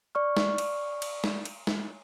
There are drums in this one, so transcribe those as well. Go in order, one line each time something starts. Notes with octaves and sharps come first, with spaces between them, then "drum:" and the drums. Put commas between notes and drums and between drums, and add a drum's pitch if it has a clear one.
D5 C#6 F6
drum: snare
drum: cymbal
drum: cymbal
drum: snare
drum: cymbal
drum: snare